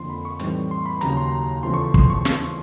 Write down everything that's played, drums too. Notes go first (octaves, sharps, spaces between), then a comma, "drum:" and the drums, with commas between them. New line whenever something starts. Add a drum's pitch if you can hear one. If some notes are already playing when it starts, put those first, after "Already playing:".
Already playing: F2 D3 F3 A#3 C6
B5
C#6
A2 E3 G3 C4 D#4, drum: hi-hat
C6
B5
D#2 C#3 F#3 A#5, drum: hi-hat
C6
E2 C#3 F3 A3 C6
C#6
C6, drum: kick
C#6
drum: snare